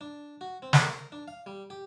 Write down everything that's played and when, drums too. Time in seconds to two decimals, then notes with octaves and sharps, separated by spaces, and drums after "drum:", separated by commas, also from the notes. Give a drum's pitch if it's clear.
0.01 D4
0.41 F#4
0.62 C4
0.73 drum: snare
0.82 A#4
1.12 D4
1.28 F5
1.46 G3
1.70 G4